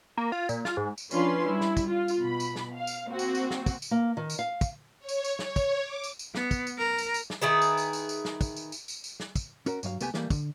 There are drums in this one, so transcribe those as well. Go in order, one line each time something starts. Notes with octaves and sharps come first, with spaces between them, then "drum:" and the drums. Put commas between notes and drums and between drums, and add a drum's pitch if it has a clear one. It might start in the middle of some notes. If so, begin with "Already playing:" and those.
A#3
F4
A#2, drum: tambourine
F4, drum: snare
G#2
drum: tambourine
F3 C#4 D4 F4 B4 C6, drum: tambourine
G3 E4
drum: snare
drum: kick, tambourine
F4
drum: tambourine
B2 B5
drum: tambourine
drum: snare
F5
drum: tambourine
A#3 C4 F#4
drum: tambourine
drum: tambourine
drum: snare
drum: kick, tambourine
drum: tambourine
A#3
D#3
drum: tambourine
F5
drum: kick, tambourine
C#5
drum: tambourine
drum: tambourine
C#5, drum: snare
drum: kick, tambourine
D6
drum: tambourine
drum: tambourine
B3, drum: snare
drum: kick, tambourine
drum: tambourine
A#4
drum: tambourine
drum: tambourine
drum: snare
D#3 E4 G#4 B4
drum: tambourine
drum: tambourine
drum: tambourine
drum: tambourine
drum: snare
drum: kick, tambourine
drum: tambourine
drum: tambourine
drum: tambourine
drum: tambourine
drum: snare
drum: kick, tambourine
C#4 F#4 A#4, drum: tambourine
G2 F#3 F5, drum: tambourine
C2 A3 B3 G4 G#5, drum: tambourine
E3 G3 A3 A#3, drum: snare
D3, drum: kick, tambourine